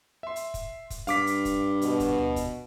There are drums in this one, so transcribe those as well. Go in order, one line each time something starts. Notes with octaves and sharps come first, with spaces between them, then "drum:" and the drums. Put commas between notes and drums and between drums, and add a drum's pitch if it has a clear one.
E5 C6
drum: hi-hat
drum: kick, hi-hat
drum: kick, hi-hat
G2 F5 D6 B6, drum: hi-hat
drum: hi-hat
drum: kick, hi-hat
B2, drum: hi-hat
drum: kick, hi-hat
drum: tom D2
drum: kick, hi-hat